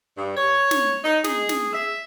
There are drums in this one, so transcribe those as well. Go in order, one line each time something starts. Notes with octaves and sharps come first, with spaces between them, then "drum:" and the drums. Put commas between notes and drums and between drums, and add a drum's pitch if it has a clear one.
G2
C#5
drum: snare
D#4
G#4, drum: snare
drum: snare
E5